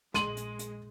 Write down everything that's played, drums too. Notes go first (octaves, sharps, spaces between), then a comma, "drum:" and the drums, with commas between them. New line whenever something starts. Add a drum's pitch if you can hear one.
A#1 G#3 C6 D#7 F#7, drum: snare
drum: hi-hat
drum: hi-hat